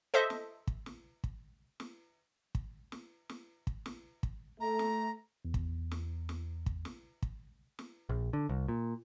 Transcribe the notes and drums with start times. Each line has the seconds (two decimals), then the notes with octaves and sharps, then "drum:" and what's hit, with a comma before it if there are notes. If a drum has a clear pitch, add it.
0.14 A4 C5 D#5 E5
0.30 drum: snare
0.67 drum: kick
0.86 drum: snare
1.24 drum: kick
1.80 drum: snare
2.55 drum: kick
2.92 drum: snare
3.29 drum: snare
3.67 drum: kick
3.86 drum: snare
4.23 drum: kick
4.60 A3 A#5
4.79 drum: snare
5.45 E2
5.54 drum: kick
5.91 drum: snare
6.29 drum: snare
6.66 drum: kick
6.85 drum: snare
7.22 drum: kick
7.79 drum: snare
8.09 A#1
8.33 D3
8.49 C2
8.68 A#2